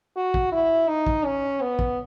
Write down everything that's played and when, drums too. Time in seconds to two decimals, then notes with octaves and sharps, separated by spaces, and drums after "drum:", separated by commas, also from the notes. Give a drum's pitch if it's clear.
0.16 F#4
0.34 drum: kick
0.52 E4
0.88 D#4
1.07 drum: kick
1.25 C#4
1.61 B3
1.79 drum: kick